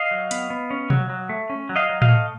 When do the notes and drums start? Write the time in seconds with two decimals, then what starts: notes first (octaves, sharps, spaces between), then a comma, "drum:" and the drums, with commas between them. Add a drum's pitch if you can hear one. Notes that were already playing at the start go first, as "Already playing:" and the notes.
Already playing: D#5 F5
0.11 F#3
0.31 B3, drum: hi-hat
0.50 B3
0.70 C#4
0.90 F#3, drum: tom B2
1.10 F#3
1.29 A3
1.50 C#4
1.69 F#3
1.76 D#5 F5
1.90 F#3
2.02 D#5 F5, drum: tom A2
2.08 A3